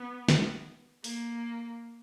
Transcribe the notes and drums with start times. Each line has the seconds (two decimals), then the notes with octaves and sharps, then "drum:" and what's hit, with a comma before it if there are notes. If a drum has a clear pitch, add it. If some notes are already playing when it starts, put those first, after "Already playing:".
Already playing: B3
0.29 drum: snare
1.04 A#3, drum: open hi-hat